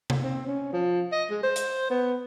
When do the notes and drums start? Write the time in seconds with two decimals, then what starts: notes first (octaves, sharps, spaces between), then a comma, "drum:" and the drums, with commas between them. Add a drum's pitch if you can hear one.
0.10 drum: tom C3
0.23 C4
0.46 C#4
0.73 F3
1.12 D#5
1.31 G#3
1.43 C5
1.56 drum: hi-hat
1.90 B3